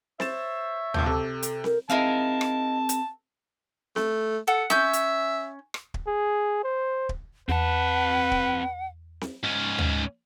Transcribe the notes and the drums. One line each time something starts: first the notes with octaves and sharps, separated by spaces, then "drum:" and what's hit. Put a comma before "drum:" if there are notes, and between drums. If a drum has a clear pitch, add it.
C5 C#5 E5 A6 E7, drum: snare C4
C#2 A#2 A5 D6 E6 G6, drum: tom
C3 A4
drum: hi-hat
A#4, drum: snare C4
C4 D#4 E4 G#4 A#4 F5 A5
drum: rim click
drum: hi-hat
A3, drum: snare C4
A4 F#5
C#4 E5 G6, drum: snare C4
drum: hi-hat
drum: rim click
drum: kick
G#4
C5
drum: kick
E2 C4 B4 F#5 A5
drum: kick
drum: snare C4
G#2 C#4
drum: tom